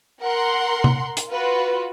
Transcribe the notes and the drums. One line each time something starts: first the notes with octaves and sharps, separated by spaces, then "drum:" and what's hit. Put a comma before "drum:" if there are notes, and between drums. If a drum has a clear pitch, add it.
A#4 F#5 C6
drum: tom
drum: hi-hat
F4 F#4 B4